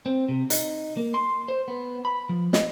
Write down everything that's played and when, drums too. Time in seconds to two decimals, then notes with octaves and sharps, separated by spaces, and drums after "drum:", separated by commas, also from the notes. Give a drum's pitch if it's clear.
0.06 C4
0.29 C3
0.50 D#4, drum: hi-hat
0.97 A#3
1.14 C6
1.48 C5
1.68 B3
2.05 B5
2.29 F3
2.53 D#5, drum: snare